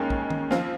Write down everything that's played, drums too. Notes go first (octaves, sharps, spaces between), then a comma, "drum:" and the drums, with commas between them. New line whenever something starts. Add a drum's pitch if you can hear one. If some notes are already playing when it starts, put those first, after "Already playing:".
Already playing: D#2 D#3 G#3 C#4
drum: kick
drum: tom D#3
F3 C4 F4, drum: snare